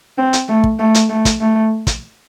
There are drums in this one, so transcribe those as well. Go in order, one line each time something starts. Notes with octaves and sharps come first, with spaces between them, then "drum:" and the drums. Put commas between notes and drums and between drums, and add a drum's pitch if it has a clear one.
C4
drum: hi-hat
A3
drum: kick
A3
drum: hi-hat
A3
drum: kick, hi-hat
A3
drum: kick, hi-hat